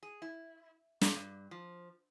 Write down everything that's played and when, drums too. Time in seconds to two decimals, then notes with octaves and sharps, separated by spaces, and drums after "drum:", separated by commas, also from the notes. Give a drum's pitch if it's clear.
0.03 G#4
0.22 E4
1.01 A#2, drum: snare
1.15 G2
1.51 F3